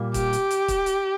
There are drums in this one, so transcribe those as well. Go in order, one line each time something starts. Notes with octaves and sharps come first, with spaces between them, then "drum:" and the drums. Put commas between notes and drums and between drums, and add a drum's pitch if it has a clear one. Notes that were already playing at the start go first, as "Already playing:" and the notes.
Already playing: A#2 G3 A#3
G4, drum: kick, hi-hat
drum: hi-hat
drum: hi-hat
drum: kick, hi-hat
drum: hi-hat